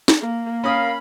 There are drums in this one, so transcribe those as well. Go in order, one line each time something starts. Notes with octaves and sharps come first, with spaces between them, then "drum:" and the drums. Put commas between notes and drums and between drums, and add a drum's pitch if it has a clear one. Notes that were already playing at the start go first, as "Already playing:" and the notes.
drum: snare
A#3
C#4 A#4 F5 B5 D#6